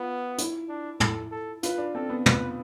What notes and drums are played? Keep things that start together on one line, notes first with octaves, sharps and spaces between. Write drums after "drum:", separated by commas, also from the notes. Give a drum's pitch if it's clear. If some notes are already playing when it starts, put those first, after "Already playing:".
Already playing: B3 F4
E4, drum: hi-hat
D4
E4 A4, drum: tom
A4
F4 B4, drum: hi-hat
D4
C4 A4
B3
B4, drum: tom